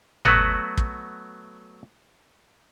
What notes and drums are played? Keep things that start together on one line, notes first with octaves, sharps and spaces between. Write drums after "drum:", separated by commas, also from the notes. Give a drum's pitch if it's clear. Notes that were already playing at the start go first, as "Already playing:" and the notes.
F#3 A3 B3 F#4 B4, drum: tom G1
drum: kick